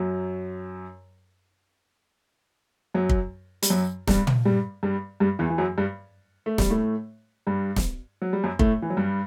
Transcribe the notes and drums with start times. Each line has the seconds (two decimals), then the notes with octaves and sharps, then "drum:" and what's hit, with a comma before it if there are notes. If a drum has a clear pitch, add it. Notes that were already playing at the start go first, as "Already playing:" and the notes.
Already playing: F#2 F#3
2.94 F#2 F#3
3.09 drum: kick
3.63 G3, drum: hi-hat
3.70 F#2 F#3
4.07 G2 G3, drum: snare
4.27 drum: tom
4.45 G2 G3
4.83 G2 G3
5.20 G2 G3
5.39 E2 E3
5.50 E3
5.58 F#2 F#3
5.78 G2 G3
6.46 A3
6.58 G3, drum: snare
6.70 A2 A3
7.47 G2 G3
7.76 drum: snare
8.22 F#3
8.33 G3
8.44 F#2 F#3
8.59 A2 A3, drum: kick
8.82 E3
8.90 F#3
8.97 G2 G3